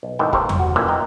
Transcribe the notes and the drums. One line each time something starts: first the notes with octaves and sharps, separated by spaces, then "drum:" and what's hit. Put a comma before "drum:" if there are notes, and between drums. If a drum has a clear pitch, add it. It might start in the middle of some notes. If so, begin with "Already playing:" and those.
B1
G#1 D#3 E3 A3 D#4 G5
A#3 G4 A4 A#4 C5 C#5, drum: kick
drum: tom E2
F#4
A#2 D3 E3 A#3 C4 C#4
A#4 D#5 G5